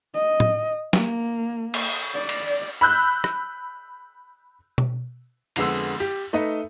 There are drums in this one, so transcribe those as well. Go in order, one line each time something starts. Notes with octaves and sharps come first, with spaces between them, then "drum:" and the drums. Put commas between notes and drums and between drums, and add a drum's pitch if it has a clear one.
D#5
drum: tom
A#3, drum: snare
drum: cymbal
D5
drum: cymbal
B5 E6 F#6 G6
drum: rim click
drum: tom B2
F2 D3 G#3 B3 E6, drum: cymbal
G4
A3 D#4 B4 D#5 E5